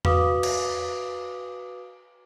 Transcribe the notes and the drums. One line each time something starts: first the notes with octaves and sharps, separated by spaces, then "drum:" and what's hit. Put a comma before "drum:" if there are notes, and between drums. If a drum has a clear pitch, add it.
F#4 B4 F5 D6 D#6, drum: tom E2
drum: cymbal